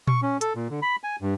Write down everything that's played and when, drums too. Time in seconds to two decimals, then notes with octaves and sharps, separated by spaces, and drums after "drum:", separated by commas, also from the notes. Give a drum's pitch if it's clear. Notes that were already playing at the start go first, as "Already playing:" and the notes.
0.07 C#6, drum: tom A#2
0.22 C#4
0.41 A4, drum: hi-hat
0.55 A#2
0.70 D3
0.82 B5
1.04 G#5
1.22 G2